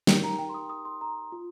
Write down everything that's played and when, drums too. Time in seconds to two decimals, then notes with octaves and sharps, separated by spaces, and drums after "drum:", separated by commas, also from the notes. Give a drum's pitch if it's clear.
0.07 D#4 G4 A#4 G5, drum: snare
0.23 A#5
0.39 G5
0.49 C6
0.54 D#6
0.70 D#6
0.85 C6
1.01 A#5
1.32 F4